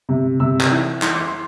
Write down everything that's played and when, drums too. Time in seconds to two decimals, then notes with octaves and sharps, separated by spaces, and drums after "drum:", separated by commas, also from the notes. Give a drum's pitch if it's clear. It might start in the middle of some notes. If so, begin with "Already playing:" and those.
0.09 C3
0.40 C3 E6
0.61 drum: clap
0.71 E3
1.02 E3 C6, drum: clap
1.15 D6
1.28 C6